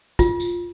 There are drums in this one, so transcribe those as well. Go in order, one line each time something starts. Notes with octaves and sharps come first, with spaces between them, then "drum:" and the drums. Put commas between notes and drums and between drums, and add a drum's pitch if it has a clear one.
F4, drum: kick, tambourine
drum: tambourine